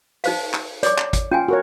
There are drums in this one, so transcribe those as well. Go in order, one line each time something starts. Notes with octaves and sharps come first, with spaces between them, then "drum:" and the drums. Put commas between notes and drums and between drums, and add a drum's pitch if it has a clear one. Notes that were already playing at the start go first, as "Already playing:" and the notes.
D#4 C5 F5, drum: open hi-hat
drum: clap
C#5 D5 D6, drum: hi-hat
drum: clap
drum: kick, hi-hat
C#4 F4 G5 G#5
F#4 A#4 C#5